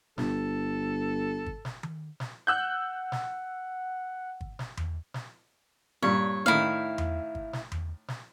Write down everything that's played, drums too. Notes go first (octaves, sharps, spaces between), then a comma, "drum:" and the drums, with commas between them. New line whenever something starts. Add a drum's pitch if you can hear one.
G1 A4, drum: snare
drum: kick
drum: snare
drum: tom D#3
drum: snare
F#5 E6 F#6 G6
drum: snare
drum: kick
drum: snare
drum: tom E2
drum: snare
G2 A#2 C#5
A2 D#3 E4 F5
drum: tom E2
drum: kick
drum: snare
drum: tom E2
drum: snare